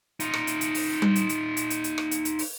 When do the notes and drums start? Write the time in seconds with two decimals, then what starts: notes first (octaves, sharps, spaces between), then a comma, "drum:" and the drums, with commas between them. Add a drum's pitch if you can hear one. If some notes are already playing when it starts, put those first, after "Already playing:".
0.20 D#4 F4, drum: hi-hat
0.34 drum: rim click
0.47 drum: hi-hat
0.61 drum: hi-hat
0.75 drum: open hi-hat
1.02 drum: tom G3
1.16 drum: hi-hat
1.29 drum: hi-hat
1.57 drum: hi-hat
1.70 drum: hi-hat
1.84 drum: hi-hat
1.98 drum: rim click
2.11 drum: hi-hat
2.25 drum: hi-hat
2.39 drum: open hi-hat